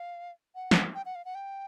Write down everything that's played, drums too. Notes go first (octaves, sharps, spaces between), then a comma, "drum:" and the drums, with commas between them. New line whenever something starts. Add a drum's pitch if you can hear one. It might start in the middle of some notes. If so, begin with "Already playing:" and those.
Already playing: F5
F#5
drum: snare
G5
F#5
F5
F#5
G5